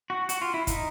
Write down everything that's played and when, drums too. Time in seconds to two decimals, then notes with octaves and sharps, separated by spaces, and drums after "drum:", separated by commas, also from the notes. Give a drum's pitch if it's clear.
0.10 F#4
0.29 F#4, drum: hi-hat
0.42 F4
0.54 E4
0.67 D#4, drum: kick, hi-hat